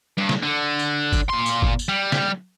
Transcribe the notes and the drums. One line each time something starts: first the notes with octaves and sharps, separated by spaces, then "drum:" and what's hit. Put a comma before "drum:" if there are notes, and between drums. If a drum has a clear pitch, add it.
G2
drum: snare
D3
drum: tambourine
drum: kick G1, tambourine
A#2 C6
drum: tambourine
drum: kick G1
drum: tambourine
G3
drum: snare